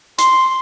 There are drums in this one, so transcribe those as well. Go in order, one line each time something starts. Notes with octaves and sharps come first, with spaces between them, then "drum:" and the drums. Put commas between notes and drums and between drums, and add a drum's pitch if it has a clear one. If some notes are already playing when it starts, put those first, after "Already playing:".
C6, drum: hi-hat